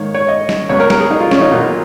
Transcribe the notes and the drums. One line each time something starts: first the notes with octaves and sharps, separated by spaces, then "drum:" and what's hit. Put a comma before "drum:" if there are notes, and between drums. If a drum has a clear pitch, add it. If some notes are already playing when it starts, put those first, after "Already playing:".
Already playing: G#2 D#3 A#3 C#5
C#5
D#5
drum: snare
C#2 C#3 F#3 B3 C#5
A#4
A#4, drum: snare
G#4
D#4
F4
C#4, drum: snare
D#4
B1 B2 F#3 A#3 F4